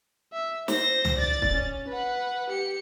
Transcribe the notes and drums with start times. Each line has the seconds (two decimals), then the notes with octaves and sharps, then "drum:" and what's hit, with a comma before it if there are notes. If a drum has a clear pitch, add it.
0.33 E5
0.68 C5 A#6, drum: snare
1.05 drum: tom
1.18 D5 A6
1.42 drum: kick
1.54 C#4
1.88 B4 F#5
2.50 G4 C#7